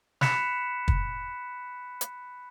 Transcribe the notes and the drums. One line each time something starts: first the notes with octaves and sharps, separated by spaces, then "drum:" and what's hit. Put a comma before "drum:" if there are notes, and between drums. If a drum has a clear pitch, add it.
B5 F#6 B6 C#7 E7, drum: snare
drum: kick
drum: hi-hat